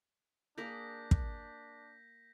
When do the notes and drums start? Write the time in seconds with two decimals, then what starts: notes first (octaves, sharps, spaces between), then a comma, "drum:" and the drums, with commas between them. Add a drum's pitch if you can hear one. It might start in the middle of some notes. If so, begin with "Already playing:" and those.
0.58 A#3 D4 G#4 A#4 G6 A#6 B6
1.11 drum: kick